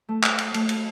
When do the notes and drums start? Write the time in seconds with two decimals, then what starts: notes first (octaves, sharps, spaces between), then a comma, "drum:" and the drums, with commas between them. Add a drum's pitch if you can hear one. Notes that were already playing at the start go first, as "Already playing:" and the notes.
0.09 A3
0.23 drum: clap
0.38 drum: cymbal
0.54 A3, drum: cymbal
0.69 drum: cymbal